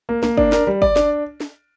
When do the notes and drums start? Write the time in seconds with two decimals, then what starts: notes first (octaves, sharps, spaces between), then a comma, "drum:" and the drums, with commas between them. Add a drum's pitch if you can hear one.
0.09 A#3
0.23 A#3, drum: snare
0.37 D4, drum: kick
0.52 A#4, drum: snare
0.67 G3
0.82 D5, drum: kick
0.96 D4, drum: snare
1.40 drum: snare